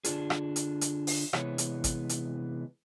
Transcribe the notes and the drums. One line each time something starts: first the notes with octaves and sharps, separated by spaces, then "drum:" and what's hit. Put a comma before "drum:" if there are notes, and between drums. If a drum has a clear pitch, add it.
D3 D4 F4 G#4, drum: hi-hat
drum: rim click
drum: hi-hat
drum: hi-hat
drum: open hi-hat
C3 E3 G#3 B3 C#5, drum: rim click
drum: hi-hat
drum: kick G#1, hi-hat
drum: hi-hat